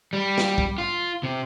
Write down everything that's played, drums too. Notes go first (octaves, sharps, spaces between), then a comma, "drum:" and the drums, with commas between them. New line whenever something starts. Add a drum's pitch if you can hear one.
G3
drum: snare
drum: kick
F4
C3